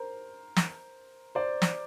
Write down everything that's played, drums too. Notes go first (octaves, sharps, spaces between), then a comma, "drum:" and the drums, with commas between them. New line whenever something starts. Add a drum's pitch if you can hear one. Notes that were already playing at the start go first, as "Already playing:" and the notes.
Already playing: A#4 C5
drum: snare
C5 D5
drum: snare